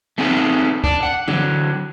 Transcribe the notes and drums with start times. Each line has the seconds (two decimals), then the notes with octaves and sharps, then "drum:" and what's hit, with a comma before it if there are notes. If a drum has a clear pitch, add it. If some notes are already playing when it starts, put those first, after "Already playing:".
0.18 A3 C4 D#4 G#4 A4 F#5
0.84 D4, drum: kick C#2
1.03 F#5
1.28 D3 F#3, drum: tom E3